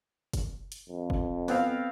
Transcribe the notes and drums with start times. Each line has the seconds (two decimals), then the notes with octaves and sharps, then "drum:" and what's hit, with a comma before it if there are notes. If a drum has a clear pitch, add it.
0.33 drum: kick F#1, hi-hat
0.72 drum: hi-hat
0.89 F2
1.10 drum: kick F#1
1.48 B3 C4 F5, drum: open hi-hat